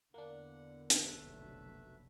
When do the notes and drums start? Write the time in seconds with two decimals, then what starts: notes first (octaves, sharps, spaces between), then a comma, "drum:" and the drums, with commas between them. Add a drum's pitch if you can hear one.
0.14 E2 D3 A#3 D4 F#5
0.90 drum: hi-hat
1.04 F1 B1 F#3 A3 B4 E5